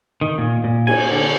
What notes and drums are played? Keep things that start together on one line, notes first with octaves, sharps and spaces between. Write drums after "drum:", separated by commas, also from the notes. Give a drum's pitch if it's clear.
D#3
A#2
A#2
G#5, drum: cymbal
D3